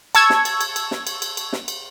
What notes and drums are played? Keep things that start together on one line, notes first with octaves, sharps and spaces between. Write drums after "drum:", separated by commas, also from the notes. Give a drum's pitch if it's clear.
A5 C#6 E6 G#6, drum: cymbal
drum: snare
drum: cymbal
drum: cymbal
drum: cymbal
drum: snare
drum: cymbal
drum: cymbal
drum: cymbal
drum: snare
drum: cymbal